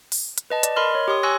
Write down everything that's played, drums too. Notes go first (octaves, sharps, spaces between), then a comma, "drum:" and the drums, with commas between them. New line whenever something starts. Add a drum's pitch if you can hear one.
drum: open hi-hat
drum: hi-hat
B4 D#5 A5
D5, drum: hi-hat
A#4 D#5 B5 C6 F6
C#5
G4 C#5 C6 D#6
G#5 C6 C#6 E6 F#6 A#6